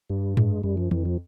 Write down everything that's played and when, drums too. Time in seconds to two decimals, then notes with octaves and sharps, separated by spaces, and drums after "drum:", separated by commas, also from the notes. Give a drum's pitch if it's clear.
0.10 G2 G3
0.37 G#3, drum: tom G#2
0.64 F#2 G3
0.77 F3
0.91 F2 E3, drum: tom
1.05 F3